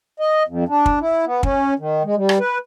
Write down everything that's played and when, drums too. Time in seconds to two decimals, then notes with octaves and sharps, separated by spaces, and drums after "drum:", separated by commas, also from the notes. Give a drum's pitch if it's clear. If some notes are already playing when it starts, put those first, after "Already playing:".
0.20 D#5
0.48 F2
0.69 D4
0.86 drum: kick
1.01 E4
1.26 B3
1.43 C#4, drum: kick
1.79 D#3
2.04 G#3
2.16 G3
2.29 drum: rim click
2.39 B4